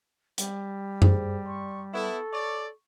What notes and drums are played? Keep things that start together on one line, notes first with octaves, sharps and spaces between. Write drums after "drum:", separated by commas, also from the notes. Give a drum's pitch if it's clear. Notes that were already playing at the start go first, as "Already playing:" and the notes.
G3, drum: hi-hat
G#4 C5, drum: tom F#2
D5 C6 C#6
B3 E4 A4 C#6
C#5 D5